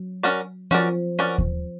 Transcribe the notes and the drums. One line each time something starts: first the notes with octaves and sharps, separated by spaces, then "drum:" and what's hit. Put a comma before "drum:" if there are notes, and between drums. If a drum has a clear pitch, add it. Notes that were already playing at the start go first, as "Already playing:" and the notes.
Already playing: F#3
C#4 F#4 A#4 D5
F3 C#4 F#4 A#4 D5
C#4 F#4 A#4 D5
drum: kick D#2